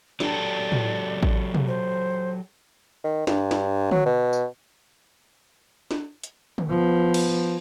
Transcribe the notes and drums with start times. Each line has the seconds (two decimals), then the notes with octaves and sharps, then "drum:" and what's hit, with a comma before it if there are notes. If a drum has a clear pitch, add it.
0.20 F#3 G4 A4 D5, drum: snare
0.72 drum: tom A2
1.23 drum: kick A1
1.54 drum: tom B2
1.68 C5
3.04 D#3
3.27 G2, drum: snare
3.51 drum: snare
3.91 F#3, drum: tom D3
4.06 B2
4.33 drum: tambourine
5.91 drum: snare
6.23 drum: hi-hat
6.58 drum: tom D3
6.68 F3 B3
7.14 drum: cymbal